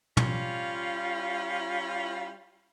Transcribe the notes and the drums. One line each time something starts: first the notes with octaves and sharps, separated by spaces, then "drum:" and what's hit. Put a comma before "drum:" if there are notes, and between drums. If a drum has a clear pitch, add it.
G3 C#4 F4, drum: tom